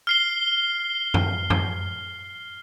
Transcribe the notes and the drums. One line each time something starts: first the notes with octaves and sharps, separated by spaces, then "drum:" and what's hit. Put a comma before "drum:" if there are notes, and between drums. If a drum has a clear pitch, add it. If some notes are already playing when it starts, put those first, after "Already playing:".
F6 C7 G7
drum: tom F#2
drum: tom F#2